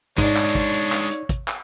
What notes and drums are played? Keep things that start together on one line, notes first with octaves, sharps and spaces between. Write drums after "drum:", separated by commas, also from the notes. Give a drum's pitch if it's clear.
G#2 G#3 D4 D#4 C#5 D5, drum: kick, hi-hat
drum: clap
drum: kick
drum: hi-hat
drum: clap
drum: hi-hat
drum: kick, hi-hat
drum: clap